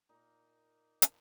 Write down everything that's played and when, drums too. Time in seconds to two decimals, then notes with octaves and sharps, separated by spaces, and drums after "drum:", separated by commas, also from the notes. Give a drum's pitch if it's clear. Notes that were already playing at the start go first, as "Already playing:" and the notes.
0.09 A#2 A#3 D#4
1.02 A#2 F3, drum: hi-hat